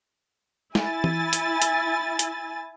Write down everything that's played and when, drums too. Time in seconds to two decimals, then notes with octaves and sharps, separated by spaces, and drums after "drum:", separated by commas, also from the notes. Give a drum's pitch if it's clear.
0.75 E4 G#5 A6, drum: snare
1.04 drum: tom E3
1.33 drum: hi-hat
1.62 drum: hi-hat
2.19 drum: hi-hat